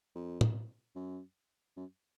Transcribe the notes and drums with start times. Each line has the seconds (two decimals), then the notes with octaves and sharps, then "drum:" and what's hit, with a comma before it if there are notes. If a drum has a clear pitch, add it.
0.15 F2
0.41 drum: tom
0.95 F#2
1.77 F#2